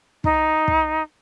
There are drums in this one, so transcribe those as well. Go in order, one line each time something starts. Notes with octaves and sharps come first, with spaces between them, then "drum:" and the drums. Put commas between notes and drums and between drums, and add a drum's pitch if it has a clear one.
D#4, drum: kick
drum: kick